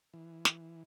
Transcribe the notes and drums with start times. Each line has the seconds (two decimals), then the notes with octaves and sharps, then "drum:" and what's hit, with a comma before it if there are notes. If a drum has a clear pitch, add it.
0.14 E3
0.45 drum: snare